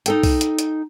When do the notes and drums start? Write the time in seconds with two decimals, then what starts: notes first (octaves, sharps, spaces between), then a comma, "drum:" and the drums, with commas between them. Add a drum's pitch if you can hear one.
0.06 D#4 A4 G5, drum: hi-hat
0.23 drum: kick, open hi-hat
0.41 drum: hi-hat
0.59 drum: hi-hat